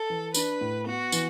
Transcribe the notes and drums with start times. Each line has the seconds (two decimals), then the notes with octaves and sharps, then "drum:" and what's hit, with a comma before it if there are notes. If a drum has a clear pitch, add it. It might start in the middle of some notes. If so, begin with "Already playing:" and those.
Already playing: A4
0.09 E3
0.34 D4 B4, drum: tambourine
0.61 A2
0.86 B3 F#4
1.12 E3, drum: tambourine